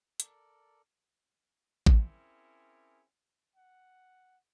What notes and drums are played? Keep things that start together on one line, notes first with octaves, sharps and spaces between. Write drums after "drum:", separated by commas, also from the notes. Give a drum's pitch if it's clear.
A4 A#4 D5, drum: hi-hat
drum: kick A1
C4 C#4 E4 G#4 A#4 D5
F#5